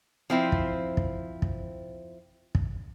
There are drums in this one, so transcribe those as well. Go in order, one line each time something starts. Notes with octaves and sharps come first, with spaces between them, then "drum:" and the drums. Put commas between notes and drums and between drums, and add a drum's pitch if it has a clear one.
F3 C4 E4
drum: kick
drum: kick
drum: kick
drum: kick